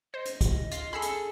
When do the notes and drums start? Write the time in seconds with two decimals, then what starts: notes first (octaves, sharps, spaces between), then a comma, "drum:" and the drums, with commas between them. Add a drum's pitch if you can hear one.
0.14 C5 D#5
0.25 drum: hi-hat
0.41 drum: kick, hi-hat
0.71 F4, drum: hi-hat
0.93 G#4 A4 B5 E6 C7
1.02 drum: hi-hat